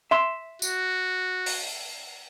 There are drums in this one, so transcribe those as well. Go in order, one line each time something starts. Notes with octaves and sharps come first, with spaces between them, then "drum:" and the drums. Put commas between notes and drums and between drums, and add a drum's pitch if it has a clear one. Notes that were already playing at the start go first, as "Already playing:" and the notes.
E5 C6
F#4, drum: tambourine
drum: open hi-hat